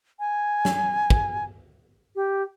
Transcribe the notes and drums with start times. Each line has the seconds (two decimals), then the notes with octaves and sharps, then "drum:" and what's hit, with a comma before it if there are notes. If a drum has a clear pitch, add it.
0.20 G#5
0.65 drum: snare
1.10 drum: kick
2.16 G4